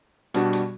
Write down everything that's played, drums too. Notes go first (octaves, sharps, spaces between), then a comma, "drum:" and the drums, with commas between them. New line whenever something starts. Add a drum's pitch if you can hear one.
B2 G3 D4 F#4, drum: hi-hat
drum: hi-hat